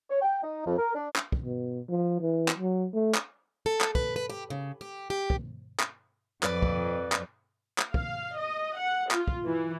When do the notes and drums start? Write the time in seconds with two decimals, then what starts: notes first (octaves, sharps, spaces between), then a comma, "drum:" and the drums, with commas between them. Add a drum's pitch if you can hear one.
0.10 C#5
0.22 G5
0.43 D#4
0.66 F2
0.78 A#4
0.95 D4
1.16 drum: clap
1.32 drum: kick
1.45 B2
1.89 F3
2.21 E3
2.48 drum: clap
2.58 F#3
2.94 A3
3.15 drum: clap
3.66 A4
3.81 drum: clap
3.95 B4, drum: kick
4.16 B4
4.30 G4
4.50 C#3
4.81 G4
5.10 G4
5.30 drum: kick
5.80 drum: clap
6.43 F2 B4 D5, drum: clap
6.63 drum: kick
7.12 drum: clap
7.78 drum: clap
7.94 F5, drum: kick
8.39 D#5
8.79 F#5
9.11 F4, drum: clap
9.28 drum: kick
9.47 E3